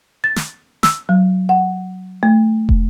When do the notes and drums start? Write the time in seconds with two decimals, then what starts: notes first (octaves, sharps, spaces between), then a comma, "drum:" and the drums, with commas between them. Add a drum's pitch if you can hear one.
0.24 A6
0.36 drum: snare
0.83 E6, drum: snare
1.09 F#3
1.49 F#5
2.23 A3
2.69 drum: kick